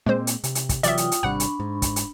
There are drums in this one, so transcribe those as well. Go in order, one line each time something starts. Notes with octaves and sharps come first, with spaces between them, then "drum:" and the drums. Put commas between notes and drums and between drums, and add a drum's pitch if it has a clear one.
A#2 G#3 A#3 C4 C5
drum: hi-hat
C3, drum: hi-hat
drum: hi-hat
drum: kick, hi-hat
C3 E3 F#3 F4 D5 E5 G5 D#6, drum: hi-hat
drum: hi-hat
drum: hi-hat
G#1 C3 G3 D4 F#5 B5 C#6
drum: hi-hat
G#2
drum: kick, hi-hat
drum: hi-hat